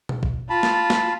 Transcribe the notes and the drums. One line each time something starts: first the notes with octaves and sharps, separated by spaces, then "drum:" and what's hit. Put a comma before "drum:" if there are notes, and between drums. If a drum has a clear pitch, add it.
drum: tom B2
drum: kick
F4 A5 B5
drum: snare
drum: snare